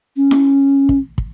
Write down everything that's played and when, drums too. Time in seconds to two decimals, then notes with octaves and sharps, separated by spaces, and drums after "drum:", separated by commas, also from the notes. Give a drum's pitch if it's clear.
0.17 C#4
0.31 drum: snare E4
0.89 drum: kick
1.18 drum: kick